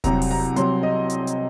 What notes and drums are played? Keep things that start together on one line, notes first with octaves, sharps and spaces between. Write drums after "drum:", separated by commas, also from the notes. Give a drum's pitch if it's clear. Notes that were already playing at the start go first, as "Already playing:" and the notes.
C2 C3 F#3 A#5, drum: kick E1, hi-hat
drum: open hi-hat
A#5
C2 C3 F#3 C6, drum: hi-hat
D#5
drum: hi-hat
drum: hi-hat